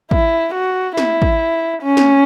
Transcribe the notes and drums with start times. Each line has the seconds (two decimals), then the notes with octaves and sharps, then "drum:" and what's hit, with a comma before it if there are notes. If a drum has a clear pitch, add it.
0.11 E4, drum: kick
0.54 F#4
0.97 E4, drum: snare
1.22 drum: kick
1.82 C#4
1.97 drum: snare